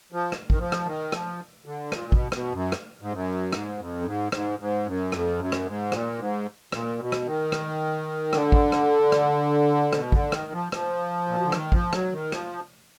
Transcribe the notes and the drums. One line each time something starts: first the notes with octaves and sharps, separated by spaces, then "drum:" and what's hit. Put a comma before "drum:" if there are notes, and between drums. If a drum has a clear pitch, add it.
F3
drum: rim click
D#3, drum: kick
F3
drum: rim click
D#3
F3, drum: rim click
D3
A#2, drum: rim click
B2, drum: kick
B2, drum: rim click
F#2
drum: rim click
G#2
F#2
G#2, drum: rim click
F2
F#2
G#2
G#2, drum: rim click
G#2
F#2
F2, drum: rim click
F#2
drum: rim click
G#2
A#2, drum: rim click
G#2
A#2, drum: rim click
B2
drum: rim click
D#3
drum: rim click
D3, drum: rim click
drum: kick
drum: rim click
drum: rim click
B2, drum: rim click
D3, drum: kick
D#3, drum: rim click
F3
F3, drum: rim click
A#2
B2
D3
D#3, drum: rim click
F3, drum: kick
F#3, drum: rim click
D#3
F3, drum: rim click